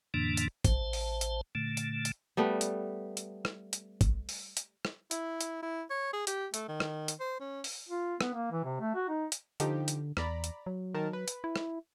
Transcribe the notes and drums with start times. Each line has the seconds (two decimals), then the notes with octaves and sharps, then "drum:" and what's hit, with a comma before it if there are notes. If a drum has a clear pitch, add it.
0.14 F2 A2 D3 E3 A#3 D4
0.37 drum: hi-hat
0.65 A1 C5 A5, drum: kick, hi-hat
0.93 drum: open hi-hat
1.21 drum: hi-hat
1.55 A#2 D3 A3
1.77 drum: hi-hat
2.05 drum: hi-hat
2.37 G3 A3 B3
2.61 drum: hi-hat
3.17 drum: hi-hat
3.45 drum: rim click
3.73 drum: hi-hat
4.01 drum: kick, hi-hat
4.29 drum: open hi-hat
4.57 drum: hi-hat
4.85 drum: rim click
5.11 E4, drum: hi-hat
5.41 drum: hi-hat
5.63 E4
5.90 C#5
6.13 G#4
6.27 G4, drum: hi-hat
6.54 A3, drum: hi-hat
6.69 D#3
6.80 drum: rim click
7.08 drum: hi-hat
7.20 C5
7.40 C#4
7.64 drum: open hi-hat
7.89 F4
8.21 B3, drum: rim click
8.34 A#3
8.52 E3
8.64 C3
8.80 A3
8.95 F#4
9.09 D#4
9.32 drum: hi-hat
9.60 D3 F3 D#4 G4, drum: hi-hat
9.88 drum: hi-hat
10.17 E2 D5 A#5 B5, drum: rim click
10.44 drum: hi-hat
10.66 F#3
10.94 D#3 A#4 A5
11.13 B4
11.28 drum: hi-hat
11.44 E4
11.56 drum: rim click